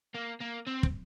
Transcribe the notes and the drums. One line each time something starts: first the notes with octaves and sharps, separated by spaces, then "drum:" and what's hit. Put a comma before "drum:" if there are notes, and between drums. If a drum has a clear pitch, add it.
A#3
A#3
C4
drum: kick